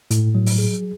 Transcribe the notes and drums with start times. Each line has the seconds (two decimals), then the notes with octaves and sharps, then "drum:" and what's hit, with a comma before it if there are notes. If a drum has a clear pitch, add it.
0.11 A2, drum: hi-hat
0.35 F#3
0.46 drum: open hi-hat
0.58 G#4